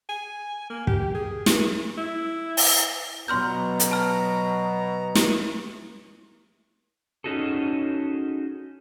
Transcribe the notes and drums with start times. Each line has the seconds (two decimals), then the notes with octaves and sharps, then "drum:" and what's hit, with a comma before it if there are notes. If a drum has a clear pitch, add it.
0.09 G#5
0.70 A#3
0.87 G4, drum: kick
1.15 G#4
1.46 drum: snare
1.98 E4
2.57 drum: open hi-hat
3.28 B2 F#3 B3 A#5 C6 F6 G6
3.80 drum: hi-hat
3.91 A5 F6
5.16 drum: snare
7.24 C#4 D#4 F#4 G#4 A4